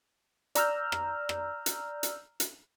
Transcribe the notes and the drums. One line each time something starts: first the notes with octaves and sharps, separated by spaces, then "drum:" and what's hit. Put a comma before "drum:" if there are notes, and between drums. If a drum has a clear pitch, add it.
D5 A#5 E6 F6 G6, drum: hi-hat
drum: rim click
drum: rim click
drum: hi-hat
drum: hi-hat
drum: hi-hat